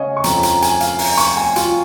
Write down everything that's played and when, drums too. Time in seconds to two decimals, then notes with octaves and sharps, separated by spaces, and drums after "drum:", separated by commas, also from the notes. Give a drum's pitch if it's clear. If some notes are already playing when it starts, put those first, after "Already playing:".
Already playing: C#3 C#5 D#5 F5 G#5
0.17 C#6
0.24 F2 F3 C#4 A#5, drum: hi-hat
0.43 A#5, drum: hi-hat
0.62 G#5, drum: hi-hat
0.80 F5, drum: hi-hat
0.99 A#5, drum: open hi-hat
1.17 C#6, drum: hi-hat
1.37 G#5
1.56 F4, drum: hi-hat